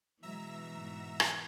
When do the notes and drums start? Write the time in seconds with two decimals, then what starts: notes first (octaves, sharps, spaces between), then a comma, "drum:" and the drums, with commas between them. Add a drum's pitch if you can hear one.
0.23 B2 E3 F#3 G#3 E5 A#5 E6
0.74 G#2
1.20 drum: rim click